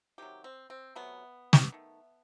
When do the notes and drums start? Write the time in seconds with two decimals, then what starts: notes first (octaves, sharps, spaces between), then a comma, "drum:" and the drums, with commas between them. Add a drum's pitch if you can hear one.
0.18 C3 D#3 F#3 G4
0.44 C4
0.70 C4
0.95 C3 F#3 A3 B3
1.53 drum: snare
1.72 D#3 A3